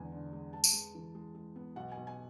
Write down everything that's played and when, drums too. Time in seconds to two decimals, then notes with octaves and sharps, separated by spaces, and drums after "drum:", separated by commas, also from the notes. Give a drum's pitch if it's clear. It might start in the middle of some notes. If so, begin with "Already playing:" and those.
Already playing: E2 D3 G#3 B3 G#5
0.12 D3
0.33 G#3
0.53 G#3 A5
0.64 drum: tambourine
0.73 G#3
0.95 E3
1.15 G#3
1.35 G#3
1.56 B3
1.76 B1 F#5
1.91 G#5
1.97 B1
2.07 G#5